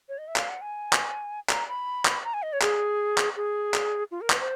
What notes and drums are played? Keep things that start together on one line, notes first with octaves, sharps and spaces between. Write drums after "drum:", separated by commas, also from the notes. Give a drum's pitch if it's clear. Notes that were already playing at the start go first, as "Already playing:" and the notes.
C#5
D#5
E5
F5, drum: clap
F#5
G#5
drum: clap
A#5, drum: clap
B5
drum: clap
A#5
G#5
D#5
C#5
G#4, drum: clap
drum: clap
G#4
drum: clap
F4
A#4
B4, drum: clap
C5